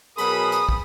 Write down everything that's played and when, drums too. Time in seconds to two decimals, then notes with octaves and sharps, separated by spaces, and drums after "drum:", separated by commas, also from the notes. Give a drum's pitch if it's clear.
0.18 B2 F#3 G#4 A#4 B5 D#6, drum: hi-hat
0.52 drum: hi-hat
0.69 drum: kick